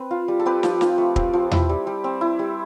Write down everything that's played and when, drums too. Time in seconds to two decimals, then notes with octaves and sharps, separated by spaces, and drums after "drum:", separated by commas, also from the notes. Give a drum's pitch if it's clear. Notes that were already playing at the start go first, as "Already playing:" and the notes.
Already playing: C4 B4
0.11 F4
0.28 G3
0.40 A4
0.46 C4 G4 B4
0.63 F3, drum: snare
0.81 F3, drum: snare
0.98 A3
1.16 C4, drum: kick
1.33 F3
1.51 E4, drum: tom E2
1.69 G3
1.87 G3
2.04 C4
2.21 E4
2.39 G3